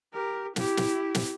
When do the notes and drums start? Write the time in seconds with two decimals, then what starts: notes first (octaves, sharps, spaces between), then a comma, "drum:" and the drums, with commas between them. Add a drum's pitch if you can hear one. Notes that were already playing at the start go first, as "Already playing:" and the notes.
0.13 G4 A#4
0.56 E4 G4, drum: snare
0.77 drum: snare
1.15 drum: snare